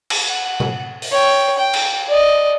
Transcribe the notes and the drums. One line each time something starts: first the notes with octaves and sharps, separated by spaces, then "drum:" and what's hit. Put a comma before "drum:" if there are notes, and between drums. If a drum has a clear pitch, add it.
drum: cymbal
F#5
drum: tom B2
drum: open hi-hat
C#5 G5
G5
drum: cymbal
D5 D#5